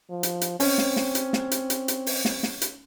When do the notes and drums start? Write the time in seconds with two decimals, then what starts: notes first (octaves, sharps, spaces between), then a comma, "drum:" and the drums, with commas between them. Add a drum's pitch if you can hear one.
0.10 F3
0.23 drum: hi-hat
0.41 drum: hi-hat
0.60 C4 C#4, drum: open hi-hat
0.78 drum: snare
0.96 drum: snare
1.15 drum: hi-hat
1.33 drum: snare
1.51 drum: hi-hat
1.70 drum: hi-hat
1.88 drum: hi-hat
2.07 drum: open hi-hat
2.25 drum: snare
2.43 drum: snare
2.62 drum: hi-hat